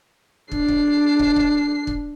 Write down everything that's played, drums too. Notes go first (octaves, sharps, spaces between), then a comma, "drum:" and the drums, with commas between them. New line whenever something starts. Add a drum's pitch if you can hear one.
D4 C7, drum: kick
drum: kick
drum: kick
drum: kick
drum: kick